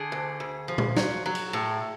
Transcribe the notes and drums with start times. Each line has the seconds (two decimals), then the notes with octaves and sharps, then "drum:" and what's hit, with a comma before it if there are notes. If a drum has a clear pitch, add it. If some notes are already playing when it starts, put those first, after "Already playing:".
Already playing: D3 G#4
0.12 D2
0.40 D2
0.68 F3
0.78 drum: tom A#2
0.96 F#3, drum: snare
1.26 F#3
1.35 drum: cymbal
1.53 A2